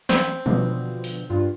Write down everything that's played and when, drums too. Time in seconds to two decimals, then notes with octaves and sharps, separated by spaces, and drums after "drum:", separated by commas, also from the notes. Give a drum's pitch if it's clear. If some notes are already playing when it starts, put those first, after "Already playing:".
0.09 C4, drum: snare
0.46 B2 D3 F3, drum: tom
1.04 drum: open hi-hat
1.30 G2 F4